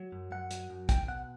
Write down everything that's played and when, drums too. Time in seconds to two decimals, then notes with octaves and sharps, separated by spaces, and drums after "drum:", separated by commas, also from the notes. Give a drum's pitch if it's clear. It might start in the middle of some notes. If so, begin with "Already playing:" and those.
Already playing: F#3
0.12 F#2
0.32 F#2 F#5
0.51 F#3, drum: hi-hat
0.70 F#2
0.89 B1 G5, drum: kick, hi-hat
1.08 B2 F#5